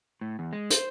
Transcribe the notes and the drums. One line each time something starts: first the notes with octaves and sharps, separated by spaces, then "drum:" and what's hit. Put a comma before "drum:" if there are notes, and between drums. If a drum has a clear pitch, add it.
A2
E2
G#3
C5, drum: hi-hat